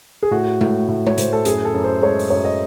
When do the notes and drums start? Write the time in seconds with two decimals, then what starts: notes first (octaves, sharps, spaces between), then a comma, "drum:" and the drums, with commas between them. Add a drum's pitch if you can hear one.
0.23 G#4
0.31 A2 F#4
0.61 A2, drum: tom G#3
0.88 A2
1.07 C#5, drum: tom G#3
1.18 A2 C5, drum: hi-hat
1.33 A4
1.45 F#2 G#4, drum: hi-hat
1.65 A4
1.74 F#2
1.84 C5
2.02 G#3 C#5
2.19 drum: open hi-hat
2.30 F#2 C#5
2.45 D#5